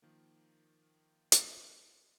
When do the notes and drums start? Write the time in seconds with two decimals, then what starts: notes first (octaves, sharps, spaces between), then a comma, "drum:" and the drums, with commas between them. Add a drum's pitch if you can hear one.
0.02 D#3 F3 A#3
1.32 drum: hi-hat